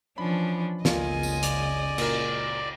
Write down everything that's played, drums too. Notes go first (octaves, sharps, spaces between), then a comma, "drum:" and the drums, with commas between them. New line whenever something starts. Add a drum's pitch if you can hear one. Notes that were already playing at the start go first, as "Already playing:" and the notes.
E3 F3 C#4 D4 B5
F#1 C#2 C#3 A#3 F4 D#5 G#5, drum: snare
drum: tambourine
D5, drum: hi-hat
A#2 A#4, drum: cymbal